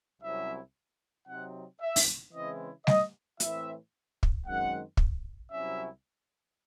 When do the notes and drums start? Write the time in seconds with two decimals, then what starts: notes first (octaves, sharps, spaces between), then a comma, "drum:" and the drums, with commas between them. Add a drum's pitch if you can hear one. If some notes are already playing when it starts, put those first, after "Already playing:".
0.22 C2 C3 F#3 C#4 E4 E5
1.28 C3 F#3 C4 D#4 F#5
1.81 E5
1.96 drum: open hi-hat
2.34 C#3 E3 G#3 C4 E4 D#5
2.87 D#5, drum: snare G3
3.40 A2 E3 C4 E4 E5, drum: hi-hat
4.23 drum: kick
4.46 F#2 D#3 G#3 C4 F#5
4.97 drum: kick
5.51 C2 C3 F#3 C#4 E4 E5